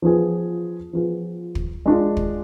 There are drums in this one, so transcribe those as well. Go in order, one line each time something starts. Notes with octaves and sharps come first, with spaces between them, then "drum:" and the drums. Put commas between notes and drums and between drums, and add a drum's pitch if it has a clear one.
F3 B3 F4 G#4
F3 B3 F4 G#4
drum: kick
G#3 D4 F4
drum: kick